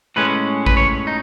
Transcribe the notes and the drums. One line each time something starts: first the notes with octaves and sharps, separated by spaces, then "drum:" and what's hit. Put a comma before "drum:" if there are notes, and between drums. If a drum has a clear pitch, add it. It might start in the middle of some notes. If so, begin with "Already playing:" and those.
A2 G#3 C#4 B4
B4, drum: kick A1
C#5
D#4